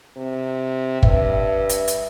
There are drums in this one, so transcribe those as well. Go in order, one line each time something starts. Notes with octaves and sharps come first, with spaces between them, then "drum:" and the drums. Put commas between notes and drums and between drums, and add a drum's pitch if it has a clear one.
C3
G2 E5, drum: kick
drum: hi-hat
drum: hi-hat